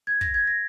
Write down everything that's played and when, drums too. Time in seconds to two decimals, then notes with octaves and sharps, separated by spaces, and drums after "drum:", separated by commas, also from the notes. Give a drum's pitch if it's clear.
0.07 G#6
0.21 A#6, drum: kick
0.34 G#6
0.47 A#6